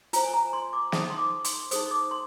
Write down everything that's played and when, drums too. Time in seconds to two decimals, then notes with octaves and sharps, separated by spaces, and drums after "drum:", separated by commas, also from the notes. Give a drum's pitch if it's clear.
0.13 F4 C5 A#5, drum: hi-hat
0.23 G#5
0.34 A#5
0.53 C6
0.73 D6
0.92 D#4 G#4 C5 D#6, drum: snare
1.10 C6
1.18 D6
1.45 C6, drum: hi-hat
1.71 D#4 G#4 C5 D#6, drum: hi-hat
1.91 D6
2.11 C6